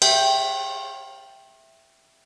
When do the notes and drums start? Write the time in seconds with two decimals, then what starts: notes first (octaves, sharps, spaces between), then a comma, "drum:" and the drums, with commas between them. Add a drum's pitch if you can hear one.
0.02 E5 G5, drum: cymbal